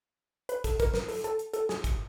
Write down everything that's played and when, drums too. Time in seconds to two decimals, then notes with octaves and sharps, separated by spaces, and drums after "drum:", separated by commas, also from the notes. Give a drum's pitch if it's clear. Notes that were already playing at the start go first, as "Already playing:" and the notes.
0.49 B4, drum: hi-hat
0.64 A4, drum: kick, hi-hat
0.80 A#4, drum: kick, hi-hat
0.94 A#4, drum: snare
1.08 A4, drum: open hi-hat
1.24 A4, drum: hi-hat
1.39 drum: hi-hat
1.53 A4, drum: hi-hat
1.69 G#4, drum: snare
1.84 drum: kick, hi-hat